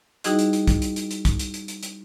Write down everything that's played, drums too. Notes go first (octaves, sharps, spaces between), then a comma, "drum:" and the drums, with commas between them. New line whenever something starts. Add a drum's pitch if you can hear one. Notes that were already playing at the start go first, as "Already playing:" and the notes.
G3 D#4 E4 F#4 G#4 D#5, drum: hi-hat
drum: hi-hat
drum: hi-hat
drum: kick, hi-hat
drum: hi-hat
drum: hi-hat
drum: hi-hat
drum: kick, hi-hat
drum: hi-hat
drum: hi-hat
drum: hi-hat
drum: hi-hat